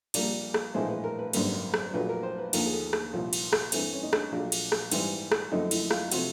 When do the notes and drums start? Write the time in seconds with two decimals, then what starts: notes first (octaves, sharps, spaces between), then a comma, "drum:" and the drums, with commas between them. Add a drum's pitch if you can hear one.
0.14 A#1 A#2 G3 A#3 D5, drum: cymbal
0.54 drum: rim click
0.74 A#1 A2 E3 G#3 C5
0.89 B4
1.04 A#4
1.19 B4
1.33 G#1 F#2 D3 G3 A#3, drum: cymbal
1.74 drum: rim click
1.94 A#1 A#2 F#3 A3 B4
2.09 A#4
2.23 C5
2.38 B4
2.53 D#2 D3 F3 A#3 A#4, drum: cymbal
2.66 G#4
2.73 A4
2.93 drum: rim click
3.13 C2 A#2 F3
3.33 drum: cymbal
3.53 drum: rim click
3.72 G2 E3 A3 C4, drum: cymbal
3.93 C#4
4.03 D#4
4.13 D4, drum: rim click
4.32 A#1 A#2 F#3 A3 D4
4.52 drum: cymbal
4.72 drum: rim click
4.91 G#2 E3 G3, drum: cymbal
5.32 drum: rim click
5.52 F#2 D3 F3 A3 D#4
5.71 E4, drum: cymbal
5.91 F4, drum: rim click
6.11 C3 F3 A3 F#4, drum: cymbal